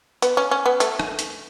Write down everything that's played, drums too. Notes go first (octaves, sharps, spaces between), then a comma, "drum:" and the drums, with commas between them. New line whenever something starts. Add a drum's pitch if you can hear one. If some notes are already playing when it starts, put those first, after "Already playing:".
B3, drum: hi-hat
C#4
C#4
B3
A3, drum: hi-hat
drum: rim click
drum: hi-hat